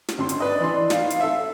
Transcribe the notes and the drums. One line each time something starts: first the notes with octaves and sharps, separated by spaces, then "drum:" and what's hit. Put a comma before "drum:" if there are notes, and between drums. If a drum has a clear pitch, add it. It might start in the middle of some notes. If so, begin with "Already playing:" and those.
drum: snare
G#1 D3 C6
drum: hi-hat
B4 D5 D#5
E3 C6
D#4 F5, drum: snare
drum: hi-hat
A4 E5